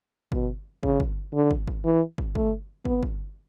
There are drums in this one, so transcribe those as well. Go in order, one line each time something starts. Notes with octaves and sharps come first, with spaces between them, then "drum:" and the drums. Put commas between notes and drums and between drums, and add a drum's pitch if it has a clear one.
B2, drum: kick
C#3, drum: kick
drum: kick
D3
drum: kick
drum: kick
E3
drum: kick
A3, drum: kick
B3, drum: kick
drum: kick